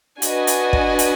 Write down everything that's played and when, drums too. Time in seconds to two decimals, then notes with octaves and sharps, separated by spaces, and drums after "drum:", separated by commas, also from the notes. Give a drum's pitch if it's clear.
0.22 D4 F#4 B4 D#5 G#5, drum: hi-hat
0.47 drum: hi-hat
0.73 drum: kick
0.99 drum: hi-hat